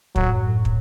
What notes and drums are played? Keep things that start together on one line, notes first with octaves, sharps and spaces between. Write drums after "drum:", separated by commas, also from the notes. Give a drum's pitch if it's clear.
A2 F#3, drum: kick
F#2
A2
drum: kick